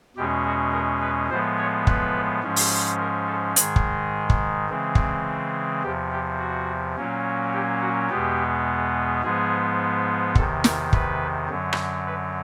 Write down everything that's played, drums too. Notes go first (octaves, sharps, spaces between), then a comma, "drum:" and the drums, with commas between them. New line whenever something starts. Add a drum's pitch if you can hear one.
E2 B2 G#3 C#4 G4
F#4
A#4
B4
A2 F3 G#3 B3 C5
C#5
B4, drum: kick
G#2 F3 G#3 C#4
drum: open hi-hat
A#4
A4
G#2 D#3 G#3 G#4, drum: hi-hat
drum: kick
drum: kick
C#3 E3 G#3 C4
drum: kick
E2 C3 F3 G4
G4
F#4
A#2 F#3 A#3 C#4
G4
F#4
E2 B2 G#3 B3 G4
G#2 F3 G#3 B3 G#4
E2 C3 D#3 A4, drum: kick
A#4, drum: snare
B4, drum: kick
F#2 D3 F#3
drum: rim click
B4